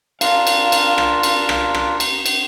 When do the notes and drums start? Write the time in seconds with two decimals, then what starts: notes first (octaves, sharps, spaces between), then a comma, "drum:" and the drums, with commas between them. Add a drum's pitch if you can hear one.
0.21 D4 F4 A#4 F5, drum: cymbal
0.47 drum: cymbal
0.72 drum: cymbal
0.98 drum: rim click
1.23 drum: cymbal
1.49 drum: rim click
1.74 drum: rim click
2.00 drum: cymbal
2.26 drum: cymbal